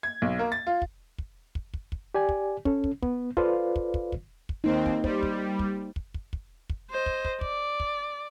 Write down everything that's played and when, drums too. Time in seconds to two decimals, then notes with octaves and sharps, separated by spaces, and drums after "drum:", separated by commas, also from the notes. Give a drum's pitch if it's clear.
0.03 G#6
0.22 B1
0.39 A#3
0.52 A6
0.67 F4
0.82 drum: kick
1.18 drum: kick
1.55 drum: kick
1.74 drum: kick
1.92 drum: kick
2.14 G4 D5 G#5
2.29 drum: kick
2.65 C#4 A4, drum: kick
2.84 drum: kick
3.03 B3, drum: kick
3.37 F4 A4 B4 C5 D5 F5, drum: kick
3.76 drum: kick
3.94 drum: kick
4.12 drum: kick
4.49 drum: kick
4.64 D#2 A#3 C4 D#4
4.86 drum: kick
5.04 G3 C5, drum: kick
5.23 drum: kick
5.59 drum: kick
5.96 drum: kick
6.14 drum: kick
6.33 drum: kick
6.70 drum: kick
6.91 C5 D#5
7.06 drum: kick
7.25 drum: kick
7.41 D5, drum: kick
7.80 drum: kick